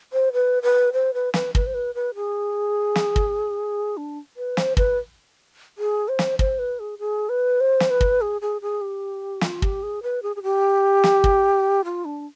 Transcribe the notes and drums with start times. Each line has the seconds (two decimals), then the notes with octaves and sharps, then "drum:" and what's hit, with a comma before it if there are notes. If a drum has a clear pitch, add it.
0.13 C5
0.33 B4
0.63 B4
0.93 C5
1.14 B4
1.34 B4, drum: snare
1.55 B4, drum: kick
1.67 C5
1.74 B4
1.95 B4
2.15 G#4
2.96 drum: snare
3.16 drum: kick
3.97 D4
4.37 B4
4.57 C5, drum: snare
4.77 B4, drum: kick
5.78 G#4
6.08 C5
6.19 drum: snare
6.39 C5, drum: kick
6.59 B4
6.80 G#4
6.99 G#4
7.29 B4
7.60 C5
7.80 drum: snare
7.90 B4
8.01 drum: kick
8.21 G#4
8.41 G#4
8.62 G#4
8.81 G4
9.41 F4, drum: snare
9.62 G4, drum: kick
9.83 G#4
10.03 B4
10.23 G#4
10.36 G#4
10.43 G4
11.04 drum: snare
11.24 drum: kick
11.85 F4
12.05 D4